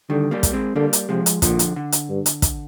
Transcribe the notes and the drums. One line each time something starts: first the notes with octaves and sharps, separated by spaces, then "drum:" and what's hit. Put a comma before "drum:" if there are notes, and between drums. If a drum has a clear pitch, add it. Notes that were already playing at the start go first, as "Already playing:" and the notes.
D3 D#3 G3
G3 A#3
drum: kick, hi-hat
G#3 C4
D3 G3 A#3
drum: hi-hat
C3 F3 G#3
drum: hi-hat
A#2 D3 F3, drum: kick, hi-hat
drum: hi-hat
D3
drum: hi-hat
G2
drum: hi-hat
drum: kick, hi-hat